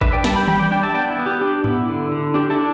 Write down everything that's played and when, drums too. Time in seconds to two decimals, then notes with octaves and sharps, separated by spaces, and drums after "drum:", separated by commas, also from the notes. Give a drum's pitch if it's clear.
0.01 D4 B4 E5, drum: kick G#1
0.12 D5 G5
0.24 G3 E5 A5, drum: snare
0.36 G5 B5
0.48 G3 G5 B5, drum: tom D#3
0.59 D5 G5
0.71 D4 D5 G5
0.83 E5 A5
0.94 B3 D5 G5
1.10 E4
1.19 B3
1.26 G4
1.41 D4 G4
1.64 B3 E4, drum: tom G#2
1.89 D3
2.11 D3
2.34 D4 G4
2.50 E4 A4
2.58 D4